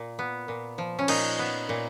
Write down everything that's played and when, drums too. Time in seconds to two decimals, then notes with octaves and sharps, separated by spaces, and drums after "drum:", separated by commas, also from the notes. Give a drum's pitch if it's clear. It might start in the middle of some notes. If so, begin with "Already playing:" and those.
Already playing: A#2
0.19 B3
0.48 A#2
0.78 F3
0.99 C#4
1.08 A#2 D#4, drum: cymbal
1.39 B3
1.69 A#2